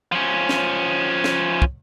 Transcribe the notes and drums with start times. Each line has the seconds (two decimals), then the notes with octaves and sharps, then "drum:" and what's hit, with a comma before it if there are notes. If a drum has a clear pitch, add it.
0.12 F3 C#4
0.49 drum: snare
1.24 drum: snare
1.62 drum: kick